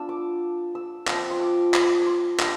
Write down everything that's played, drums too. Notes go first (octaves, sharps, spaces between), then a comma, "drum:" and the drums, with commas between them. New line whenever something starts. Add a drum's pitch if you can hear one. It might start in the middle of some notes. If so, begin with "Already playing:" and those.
Already playing: B3 D4 F4 E6
D6
E6
F3 C4 F4, drum: clap
C6
D6
drum: clap
C6 D6
G3 D4, drum: clap